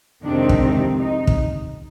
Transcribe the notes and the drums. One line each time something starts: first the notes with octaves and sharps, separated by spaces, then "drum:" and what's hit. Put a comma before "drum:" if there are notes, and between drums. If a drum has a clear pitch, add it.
F2 C3 D#3 G#3 C4 D4
drum: kick
D#4
drum: kick